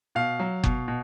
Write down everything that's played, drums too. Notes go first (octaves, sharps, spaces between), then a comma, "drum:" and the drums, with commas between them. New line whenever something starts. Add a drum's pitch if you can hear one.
B2 F5
F#3
B2, drum: kick F#1
B2